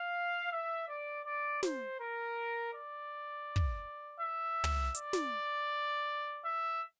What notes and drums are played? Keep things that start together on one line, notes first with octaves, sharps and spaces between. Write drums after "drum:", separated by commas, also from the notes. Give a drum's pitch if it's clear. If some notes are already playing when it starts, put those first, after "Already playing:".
Already playing: F5
E5
D5
D5
C5, drum: snare
A#4
D5
drum: kick
E5
drum: tom
D5, drum: hi-hat
drum: snare
E5